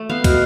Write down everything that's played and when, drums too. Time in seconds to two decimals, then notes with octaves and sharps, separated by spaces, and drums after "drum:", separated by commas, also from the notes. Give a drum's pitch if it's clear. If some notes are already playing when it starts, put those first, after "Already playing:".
Already playing: A3
0.10 B3 F5
0.24 B2, drum: kick, cymbal